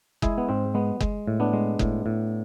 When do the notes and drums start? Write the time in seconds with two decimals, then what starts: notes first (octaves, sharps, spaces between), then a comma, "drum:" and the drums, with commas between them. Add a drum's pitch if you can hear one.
0.22 G#3 E4 G#4, drum: kick F#1
0.38 B3
0.49 G#2 C4
0.74 G#3 B3
1.00 G#3, drum: kick F#1
1.28 A2
1.40 B3 D4
1.53 G#3
1.79 A2, drum: kick F#1
2.06 A2